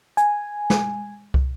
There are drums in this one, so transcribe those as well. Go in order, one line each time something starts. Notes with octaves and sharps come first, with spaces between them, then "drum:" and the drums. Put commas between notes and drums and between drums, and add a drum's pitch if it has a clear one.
G#5, drum: hi-hat
drum: snare
drum: kick